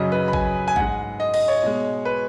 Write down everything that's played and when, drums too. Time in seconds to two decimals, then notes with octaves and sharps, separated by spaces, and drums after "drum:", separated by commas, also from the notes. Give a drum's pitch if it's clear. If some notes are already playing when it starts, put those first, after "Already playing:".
Already playing: F#2 C#3 F#3 D#5
0.12 B4
0.28 B5
0.33 G#5, drum: kick A1
0.68 G#5
0.76 G#2 G#3 F#5, drum: kick A1
1.20 D#5
1.34 D#5, drum: cymbal
1.48 C#5
1.63 B2 G#3
2.05 B4